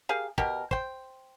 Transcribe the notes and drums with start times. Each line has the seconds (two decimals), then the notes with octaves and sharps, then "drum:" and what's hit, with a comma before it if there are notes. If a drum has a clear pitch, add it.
0.09 G4 G#4 A#4 F5
0.38 B2 G4 A#4, drum: kick
0.71 C5 G5, drum: kick